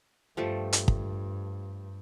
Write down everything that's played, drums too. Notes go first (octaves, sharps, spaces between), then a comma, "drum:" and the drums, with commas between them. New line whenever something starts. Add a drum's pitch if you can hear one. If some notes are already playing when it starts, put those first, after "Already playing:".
G2 F3 G3 A3
drum: hi-hat
drum: kick